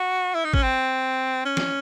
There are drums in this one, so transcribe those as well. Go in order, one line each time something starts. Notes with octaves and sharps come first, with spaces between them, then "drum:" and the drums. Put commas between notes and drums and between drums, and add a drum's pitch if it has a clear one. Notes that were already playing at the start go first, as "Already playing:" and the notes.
Already playing: F#4
E4
D#4
C#4, drum: kick G#1
C4
C#4
drum: snare